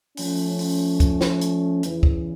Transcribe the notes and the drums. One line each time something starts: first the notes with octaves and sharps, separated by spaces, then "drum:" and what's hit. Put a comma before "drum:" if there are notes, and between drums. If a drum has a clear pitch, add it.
F3 A3 C#4, drum: open hi-hat
drum: open hi-hat
drum: kick, hi-hat
drum: snare
drum: hi-hat
E2 C#3 E3, drum: hi-hat
drum: kick